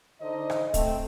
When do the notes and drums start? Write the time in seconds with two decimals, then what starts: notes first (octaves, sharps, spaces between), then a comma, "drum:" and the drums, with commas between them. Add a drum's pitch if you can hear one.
0.21 D3 D#4 C5 D#5
0.50 drum: rim click
0.74 A3 C4, drum: kick, hi-hat